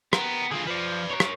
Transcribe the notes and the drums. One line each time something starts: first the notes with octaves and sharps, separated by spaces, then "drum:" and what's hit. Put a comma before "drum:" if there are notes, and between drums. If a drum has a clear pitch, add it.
B3 G4 A#4, drum: rim click
D3 E3 F4 G#4
F3 B4 D5
A#4 C#5
drum: rim click